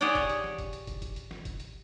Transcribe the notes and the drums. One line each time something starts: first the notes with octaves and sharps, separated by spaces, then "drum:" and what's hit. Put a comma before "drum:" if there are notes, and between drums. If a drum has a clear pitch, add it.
G4 G#4 C#5 D5 F#5 G5
drum: kick, hi-hat
drum: hi-hat
drum: snare
drum: kick, hi-hat
drum: hi-hat
drum: kick, hi-hat
drum: kick, hi-hat
drum: hi-hat
drum: snare
drum: kick, hi-hat
drum: hi-hat